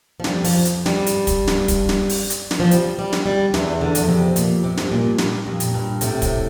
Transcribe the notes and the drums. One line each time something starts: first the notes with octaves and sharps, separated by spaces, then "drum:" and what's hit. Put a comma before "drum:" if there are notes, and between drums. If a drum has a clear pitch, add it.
F3
F2 G3, drum: snare
F3, drum: open hi-hat
drum: hi-hat
G3, drum: snare
G2, drum: hi-hat
drum: kick, hi-hat
G2, drum: snare
drum: kick, hi-hat
drum: snare
drum: open hi-hat
drum: hi-hat
drum: snare
F3
G3, drum: hi-hat
G3
drum: snare
G3
E2 E3, drum: snare
D3
F2, drum: hi-hat
C3
F2 A#2, drum: hi-hat
C3
G2, drum: snare
A#2
G2 A#2, drum: snare
F2
A#2, drum: hi-hat
G2
A2 C3, drum: hi-hat
drum: kick, hi-hat